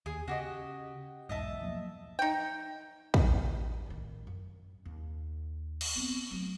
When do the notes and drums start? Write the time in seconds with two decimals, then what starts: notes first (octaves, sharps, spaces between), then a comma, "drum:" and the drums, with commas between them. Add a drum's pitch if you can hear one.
0.06 D#2 G#4
0.28 C#3 F#4 G4 D#5
1.29 B1 E2 G#2 D#5 E5 A5
1.62 F3 F#3 A#3
2.19 D#4 G5
3.14 drum: kick
3.86 A2 D#3
4.27 F#2
4.85 D#2
5.81 drum: cymbal
5.96 B3 C4
6.31 F#3 A3